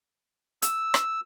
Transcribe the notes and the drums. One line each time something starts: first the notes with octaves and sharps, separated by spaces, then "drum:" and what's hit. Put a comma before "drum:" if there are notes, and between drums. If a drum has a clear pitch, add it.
E6, drum: hi-hat
drum: rim click